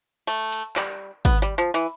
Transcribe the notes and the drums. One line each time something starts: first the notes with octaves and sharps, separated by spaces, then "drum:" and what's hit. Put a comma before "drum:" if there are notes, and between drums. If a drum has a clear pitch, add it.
A3, drum: hi-hat
drum: hi-hat
G3, drum: clap
B3, drum: kick, hi-hat
G3
F3
E3, drum: hi-hat